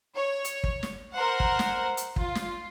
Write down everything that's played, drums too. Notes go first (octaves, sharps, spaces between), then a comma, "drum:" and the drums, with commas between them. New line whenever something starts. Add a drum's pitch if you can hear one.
C#5
drum: hi-hat
drum: kick
drum: snare
A#4 C5 F#5
drum: kick
drum: snare
drum: hi-hat
F4, drum: kick
drum: snare